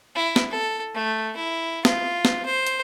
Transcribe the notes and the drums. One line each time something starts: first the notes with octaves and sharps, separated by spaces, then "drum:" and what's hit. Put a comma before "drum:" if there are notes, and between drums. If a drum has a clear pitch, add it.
E4
drum: snare
A4
A3
E4
F4, drum: snare
drum: snare
C5
drum: hi-hat